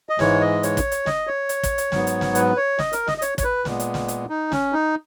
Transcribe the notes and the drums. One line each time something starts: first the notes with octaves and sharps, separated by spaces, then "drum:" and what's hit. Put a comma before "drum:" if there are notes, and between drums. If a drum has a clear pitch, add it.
D#5
G#2 E3 G#3 C#5, drum: snare
D#5
C#5, drum: hi-hat
drum: kick, hi-hat
drum: hi-hat
D#5, drum: snare
C#5
drum: hi-hat
drum: kick, hi-hat
drum: hi-hat
G#2 F#3 B3, drum: snare
drum: hi-hat
drum: snare
B4, drum: hi-hat
C#5
D#5, drum: snare
A#4, drum: hi-hat
D#5, drum: snare
D#5
C#5, drum: hi-hat
C#5, drum: kick, hi-hat
B4
A#2 G#3 B3, drum: snare
drum: hi-hat
drum: snare
drum: hi-hat
D#4
C#4, drum: snare
D#4